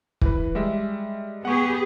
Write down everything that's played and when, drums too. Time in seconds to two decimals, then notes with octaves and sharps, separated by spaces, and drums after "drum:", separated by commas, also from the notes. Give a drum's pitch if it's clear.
0.21 E3 B4, drum: kick
0.55 G3 G#3 E5
1.45 B3 G4 G#4 F#5 C#6